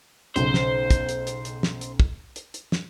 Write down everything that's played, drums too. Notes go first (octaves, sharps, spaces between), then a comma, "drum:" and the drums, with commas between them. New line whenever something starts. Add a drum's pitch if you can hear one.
B1 C#3 C5, drum: hi-hat
drum: snare
drum: kick, hi-hat
drum: hi-hat
drum: hi-hat
drum: hi-hat
drum: snare
drum: hi-hat
drum: kick
drum: hi-hat
drum: hi-hat
drum: snare